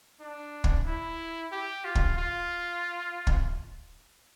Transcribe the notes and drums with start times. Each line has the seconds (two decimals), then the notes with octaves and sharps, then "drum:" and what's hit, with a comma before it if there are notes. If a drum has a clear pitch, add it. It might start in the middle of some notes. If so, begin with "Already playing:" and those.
0.20 D4
0.64 drum: kick
0.86 E4
1.52 G4
1.84 F4
1.95 drum: kick
2.17 F4
3.27 drum: kick